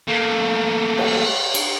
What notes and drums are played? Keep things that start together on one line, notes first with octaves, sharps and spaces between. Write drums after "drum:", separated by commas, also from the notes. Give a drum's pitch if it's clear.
A3 A#3
drum: cymbal
drum: cymbal